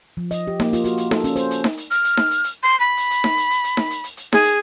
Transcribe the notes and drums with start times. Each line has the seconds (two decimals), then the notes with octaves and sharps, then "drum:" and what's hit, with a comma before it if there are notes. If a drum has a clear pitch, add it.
0.17 F3
0.31 D#5, drum: hi-hat
0.47 G4
0.60 A#3, drum: snare D#4
0.73 F4, drum: hi-hat
0.84 F#4, drum: hi-hat
0.98 drum: hi-hat
1.11 A4, drum: snare D#4
1.24 C#4, drum: hi-hat
1.36 C5, drum: hi-hat
1.51 drum: hi-hat
1.64 drum: snare D#4
1.77 drum: hi-hat
1.91 F6, drum: hi-hat
2.04 drum: hi-hat
2.17 drum: snare D#4
2.31 drum: hi-hat
2.44 drum: hi-hat
2.63 C6
2.80 B5
2.97 drum: hi-hat
3.11 drum: hi-hat
3.24 drum: snare D#4
3.37 drum: hi-hat
3.51 drum: hi-hat
3.64 drum: hi-hat
3.77 drum: snare D#4
3.90 drum: hi-hat
4.04 drum: hi-hat
4.17 drum: hi-hat
4.33 G#4, drum: snare D#4
4.44 drum: hi-hat